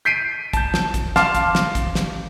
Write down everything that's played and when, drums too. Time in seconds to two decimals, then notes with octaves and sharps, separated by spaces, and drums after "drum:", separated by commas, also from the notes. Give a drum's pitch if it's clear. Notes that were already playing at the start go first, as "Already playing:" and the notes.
0.05 G6 B6 C7 D7 D#7
0.53 A5 G6, drum: kick, hi-hat
0.74 drum: snare
0.94 drum: kick, hi-hat
1.16 F5 A5 C6 D6 F6, drum: snare
1.35 drum: kick, hi-hat
1.55 drum: snare
1.75 drum: kick, hi-hat
1.95 drum: snare